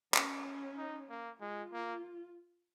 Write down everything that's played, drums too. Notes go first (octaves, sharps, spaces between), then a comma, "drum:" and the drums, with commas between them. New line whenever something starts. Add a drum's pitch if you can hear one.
C#4, drum: clap
D#4
A#3
G#3 F4
A#3